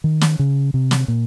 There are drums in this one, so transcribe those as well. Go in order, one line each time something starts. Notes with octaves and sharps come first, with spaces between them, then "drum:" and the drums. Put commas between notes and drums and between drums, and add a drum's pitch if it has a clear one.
D#3
drum: snare
C#3
C3
drum: snare
A#2